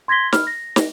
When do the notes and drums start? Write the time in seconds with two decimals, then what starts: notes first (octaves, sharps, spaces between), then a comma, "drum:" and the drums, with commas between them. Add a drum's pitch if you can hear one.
0.08 C6 G#6 A#6 B6 G7
0.33 B5 F6, drum: snare
0.47 A#6
0.76 drum: snare